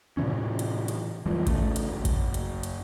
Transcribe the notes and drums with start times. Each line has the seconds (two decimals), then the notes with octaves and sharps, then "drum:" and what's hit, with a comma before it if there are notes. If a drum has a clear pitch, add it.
0.17 A2 C3 E3 C#4
0.59 drum: hi-hat
0.88 drum: hi-hat
1.26 E1 G2 E3 F3
1.47 C#3 A3, drum: kick A1, hi-hat
1.76 drum: hi-hat
1.92 F#1
2.05 drum: kick A1, hi-hat
2.34 drum: hi-hat
2.63 drum: hi-hat